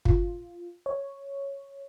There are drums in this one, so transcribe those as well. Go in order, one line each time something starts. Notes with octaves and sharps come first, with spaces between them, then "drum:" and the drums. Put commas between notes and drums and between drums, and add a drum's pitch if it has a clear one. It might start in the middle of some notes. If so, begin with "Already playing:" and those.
F4, drum: kick
C#5